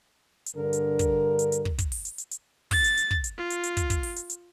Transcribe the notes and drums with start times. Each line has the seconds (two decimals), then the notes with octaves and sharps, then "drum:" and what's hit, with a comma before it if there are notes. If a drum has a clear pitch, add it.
0.46 drum: hi-hat
0.55 G2 D3 A#4
0.73 drum: hi-hat
0.99 drum: kick, hi-hat
1.39 drum: hi-hat
1.52 drum: hi-hat
1.65 drum: kick
1.78 drum: kick, hi-hat
1.92 drum: open hi-hat
2.05 drum: hi-hat
2.18 drum: hi-hat
2.31 drum: hi-hat
2.71 A6, drum: kick, open hi-hat
2.84 drum: hi-hat
2.97 drum: hi-hat
3.11 drum: kick
3.24 drum: hi-hat
3.38 F4
3.50 drum: hi-hat
3.63 drum: hi-hat
3.77 drum: kick, hi-hat
3.90 drum: kick, hi-hat
4.03 drum: open hi-hat
4.16 drum: hi-hat
4.30 drum: hi-hat